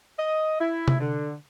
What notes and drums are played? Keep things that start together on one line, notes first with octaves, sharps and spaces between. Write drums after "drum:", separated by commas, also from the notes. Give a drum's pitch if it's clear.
D#5
E4
drum: tom C3
D3